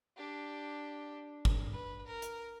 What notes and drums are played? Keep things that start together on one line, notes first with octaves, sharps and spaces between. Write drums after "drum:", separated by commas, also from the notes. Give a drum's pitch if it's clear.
D4 G4
drum: kick
B4
A#4
drum: hi-hat